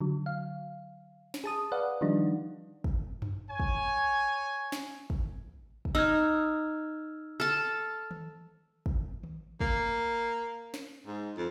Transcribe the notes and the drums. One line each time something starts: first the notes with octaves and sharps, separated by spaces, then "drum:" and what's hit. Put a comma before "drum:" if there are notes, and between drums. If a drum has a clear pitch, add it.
D3 F#3
F5
drum: snare
G#4 A5 D#6
B4 D5 F5 F#5
D#3 F3 G3 D4 D#4
drum: kick
drum: tom F#2
C#5 G#5
drum: kick
drum: snare
drum: kick
drum: kick
D#4 E6 F6 G#6
A4 A5 F6
drum: tom D#3
drum: kick
drum: tom D#3
A#3, drum: kick
drum: snare
G#2
F2